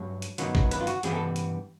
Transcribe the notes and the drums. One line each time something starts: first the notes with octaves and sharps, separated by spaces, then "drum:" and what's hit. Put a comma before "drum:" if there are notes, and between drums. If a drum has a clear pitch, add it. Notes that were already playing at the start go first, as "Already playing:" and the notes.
Already playing: G2 F#3 C#5
drum: hi-hat
G2 D#3 F#3 B3, drum: hi-hat
drum: kick
B4, drum: hi-hat
F4
F#4, drum: hi-hat
G2 E3 G3 B3 G#4, drum: hi-hat
A4
drum: hi-hat